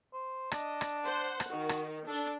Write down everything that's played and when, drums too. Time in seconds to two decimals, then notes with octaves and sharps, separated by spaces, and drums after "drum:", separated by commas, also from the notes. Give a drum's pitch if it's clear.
0.13 C5
0.51 D4 D#5, drum: rim click
0.81 drum: rim click
1.04 C5 F#5
1.40 drum: rim click
1.51 D#3 F#4
1.69 drum: rim click
2.07 D4 A4